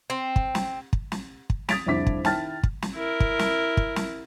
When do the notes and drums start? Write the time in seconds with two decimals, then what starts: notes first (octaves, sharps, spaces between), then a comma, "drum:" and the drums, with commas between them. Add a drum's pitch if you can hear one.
0.10 C4
0.36 drum: kick
0.55 drum: snare
0.93 drum: kick
1.12 drum: snare
1.50 drum: kick
1.69 D#6 G#6 A6 B6 D7 F7, drum: snare
1.86 C2 F2 D3 E4 D6 B6
2.07 drum: kick
2.25 D#3 E4 G5 A5 F6 A6, drum: snare
2.63 drum: kick
2.82 drum: snare
2.94 E4 A#4
3.20 drum: kick
3.39 drum: snare
3.77 drum: kick
3.96 drum: snare